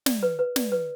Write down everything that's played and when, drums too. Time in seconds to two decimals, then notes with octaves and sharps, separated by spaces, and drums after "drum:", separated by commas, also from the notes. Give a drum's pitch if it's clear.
0.06 D5, drum: snare
0.23 B4
0.39 B4
0.56 D5, drum: snare
0.72 B4